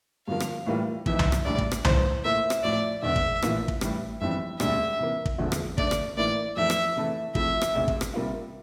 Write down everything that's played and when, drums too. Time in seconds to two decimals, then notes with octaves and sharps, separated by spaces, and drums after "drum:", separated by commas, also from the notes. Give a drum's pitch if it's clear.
0.27 G2 D3 F3 A#3 F5
0.40 drum: rim click
0.66 A2 E3 G3 A#3 F4
1.06 F1 F2 E3 E5, drum: kick
1.19 drum: tom C2
1.32 drum: rim click
1.45 A#1 A2 G3 D4 D5
1.58 drum: kick
1.71 drum: rim click
1.85 A1 G2 E3 C5, drum: tom C2
2.24 A#2 A3 E4 A#4 E5
2.50 drum: rim click
2.63 A1 A2 F3 D5
3.03 E1 E2 D3 E5
3.16 drum: kick
3.42 A#1 A2 E3 A#3 F4, drum: rim click
3.68 drum: kick
3.81 A2 E3 G3, drum: rim click
4.21 G1 F2 E3 G3 C4 E5
4.60 E1 D2 C3 G3 D4 E5, drum: rim click
4.99 C3 E3 A#3
5.25 drum: kick
5.38 E1 E2 D3 F3 A3
5.52 drum: rim click
5.78 D3 A3 D4 D5, drum: kick
5.91 drum: rim click
6.17 A2 E3 A#3 E4 D5
6.57 F2 E3 A3 E5
6.70 drum: rim click
6.96 C3 E3 A3 E4 A4
7.35 C3 F3 A3 E4 E5, drum: kick
7.61 drum: rim click
7.75 E1 D2 C3
7.88 drum: kick
8.01 drum: rim click
8.14 C3 G3 A#3 F4